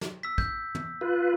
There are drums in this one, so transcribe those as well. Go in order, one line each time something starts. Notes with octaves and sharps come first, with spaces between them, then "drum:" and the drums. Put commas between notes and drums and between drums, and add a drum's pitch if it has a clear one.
drum: snare
E6 B6
G6, drum: kick
drum: tom
F4 B4